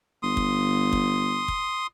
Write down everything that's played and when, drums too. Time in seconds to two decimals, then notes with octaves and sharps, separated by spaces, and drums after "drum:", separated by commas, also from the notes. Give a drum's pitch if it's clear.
0.23 G1 C6 D#6
0.37 drum: kick
0.93 drum: kick
1.48 drum: kick